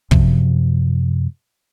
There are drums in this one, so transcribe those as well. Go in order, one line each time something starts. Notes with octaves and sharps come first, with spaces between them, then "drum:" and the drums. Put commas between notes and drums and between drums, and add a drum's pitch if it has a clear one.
F#2 C3 F3, drum: kick